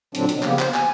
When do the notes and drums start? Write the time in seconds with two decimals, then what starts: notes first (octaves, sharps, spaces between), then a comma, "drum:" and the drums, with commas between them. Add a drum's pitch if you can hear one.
0.15 A#2 D3 F#3 C4 D4, drum: hi-hat
0.29 B2, drum: hi-hat
0.43 C#3 F3 A#3 B3 G4, drum: clap
0.59 C5, drum: clap
0.74 G#5, drum: clap